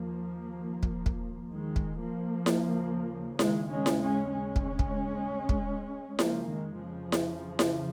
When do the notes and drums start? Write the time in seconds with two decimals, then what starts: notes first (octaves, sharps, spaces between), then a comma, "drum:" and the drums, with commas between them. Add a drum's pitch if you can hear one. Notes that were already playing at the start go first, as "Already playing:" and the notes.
Already playing: D#2 F3 A#3
0.83 drum: kick
1.06 drum: kick
1.53 D#3 G#3
1.76 drum: kick
1.99 F3 A#3
2.46 D#2 C#3, drum: snare E4
3.39 D#3 G#3, drum: snare E4
3.70 G#3 C#4
3.86 drum: snare E4
4.01 G#3 C#4
4.32 G#3 C#4
4.56 drum: kick
4.79 drum: kick
5.49 drum: kick
6.19 F2 C#3 F3 A#3, drum: snare E4
6.50 D#3 G#3
6.81 C#3 F3
7.12 drum: snare E4
7.59 drum: snare E4